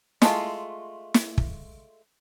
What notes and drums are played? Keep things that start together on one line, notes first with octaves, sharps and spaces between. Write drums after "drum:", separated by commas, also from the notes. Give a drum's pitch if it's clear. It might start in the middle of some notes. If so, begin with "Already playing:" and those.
G#3 A3 F4, drum: snare
drum: snare
drum: kick